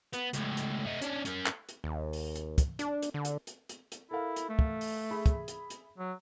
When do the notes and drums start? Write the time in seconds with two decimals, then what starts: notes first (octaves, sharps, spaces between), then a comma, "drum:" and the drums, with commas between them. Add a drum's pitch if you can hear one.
0.13 B3, drum: hi-hat
0.33 C#2 A2, drum: hi-hat
0.57 drum: hi-hat
0.86 A3 D#4
1.02 C#4 D4, drum: hi-hat
1.25 C#4 A#4, drum: hi-hat
1.46 drum: clap
1.69 drum: hi-hat
1.84 D#2
2.13 drum: open hi-hat
2.36 drum: hi-hat
2.58 drum: kick, hi-hat
2.79 D4, drum: hi-hat
3.02 drum: hi-hat
3.14 D3
3.25 drum: hi-hat
3.47 drum: hi-hat
3.69 drum: hi-hat
3.92 drum: hi-hat
4.11 E4 A4 A#4 F5
4.36 drum: hi-hat
4.49 A3
4.59 drum: kick
4.81 drum: open hi-hat
5.11 G#4 E5 B5
5.26 drum: kick, hi-hat
5.48 drum: hi-hat
5.70 drum: hi-hat
5.98 F#3